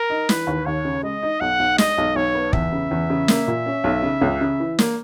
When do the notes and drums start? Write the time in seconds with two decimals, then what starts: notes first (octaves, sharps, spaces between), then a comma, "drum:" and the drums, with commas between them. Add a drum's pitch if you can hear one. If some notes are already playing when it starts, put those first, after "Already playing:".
Already playing: A#4
0.10 D#4
0.29 E3 B4, drum: snare
0.47 D#2
0.65 D#2 C#5
0.85 C#3
1.03 G#3 D#5
1.23 D#4
1.41 B1 F#5
1.59 B1
1.78 G#3 D#5, drum: snare
1.98 B1
2.16 B1 C#5
2.35 B3
2.53 E2 E5, drum: kick
2.72 C#3
2.91 E2
3.10 C#3
3.28 A#3, drum: snare
3.48 A#2
3.66 C#4
3.84 B1
4.03 C#3
4.21 C#2
4.41 C#3
4.60 E3
4.79 A#3, drum: snare